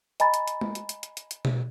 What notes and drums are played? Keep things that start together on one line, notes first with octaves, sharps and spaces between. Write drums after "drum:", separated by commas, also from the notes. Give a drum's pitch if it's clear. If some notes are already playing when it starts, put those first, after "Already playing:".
D#5 G#5 A#5 B5 A6, drum: hi-hat
drum: hi-hat
drum: hi-hat
drum: tom G#3
drum: hi-hat
drum: hi-hat
drum: hi-hat
drum: hi-hat
drum: hi-hat
drum: tom B2